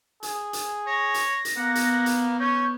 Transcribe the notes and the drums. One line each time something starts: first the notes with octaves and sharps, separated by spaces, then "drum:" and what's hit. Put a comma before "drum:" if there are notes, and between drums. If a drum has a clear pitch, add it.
G#4, drum: hi-hat
drum: hi-hat
C#5 A#6
drum: hi-hat
drum: hi-hat
A#3 B3 F#5
drum: hi-hat
drum: hi-hat
C#4 C#5 G6